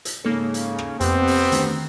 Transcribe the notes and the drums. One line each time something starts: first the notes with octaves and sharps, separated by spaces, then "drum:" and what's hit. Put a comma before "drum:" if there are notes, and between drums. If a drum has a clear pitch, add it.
drum: hi-hat
G#2 C#3 A#3 A4
drum: hi-hat
drum: rim click
F2 C3 B3 C4 G4, drum: hi-hat
drum: open hi-hat
D2 D#3, drum: hi-hat